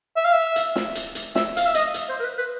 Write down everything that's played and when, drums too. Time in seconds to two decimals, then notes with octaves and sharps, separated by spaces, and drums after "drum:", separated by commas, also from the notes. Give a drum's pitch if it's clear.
0.16 E5
0.25 F5
0.33 E5
0.56 drum: hi-hat
0.76 drum: snare
0.95 drum: hi-hat
1.15 drum: hi-hat
1.35 E5, drum: snare
1.57 F5, drum: hi-hat
1.66 E5
1.74 D#5, drum: hi-hat
1.94 drum: hi-hat
2.09 C5
2.19 A#4
2.23 B4
2.38 B4